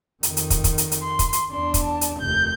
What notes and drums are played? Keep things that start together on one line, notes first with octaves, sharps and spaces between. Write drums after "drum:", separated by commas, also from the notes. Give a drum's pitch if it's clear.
F2 D#3, drum: hi-hat
drum: hi-hat
drum: kick, hi-hat
drum: kick, hi-hat
drum: hi-hat
drum: hi-hat
C6
drum: kick, hi-hat
drum: hi-hat
E2 D4 C6
drum: kick, hi-hat
A5
drum: hi-hat
F1 D#2 G6